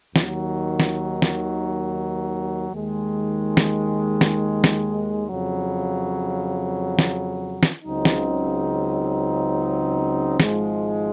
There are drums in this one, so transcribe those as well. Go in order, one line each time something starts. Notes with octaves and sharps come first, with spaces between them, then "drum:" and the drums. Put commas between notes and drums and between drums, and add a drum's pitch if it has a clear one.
D#2 D#3 F#3, drum: snare
drum: snare
drum: snare
D#2 D#3 G#3
drum: snare
drum: snare
drum: snare
F2 C#3 F#3
drum: snare
drum: snare
C#2 C#3 F#3 C4 D#4
drum: snare
G#1 G#2 F3 G#3, drum: snare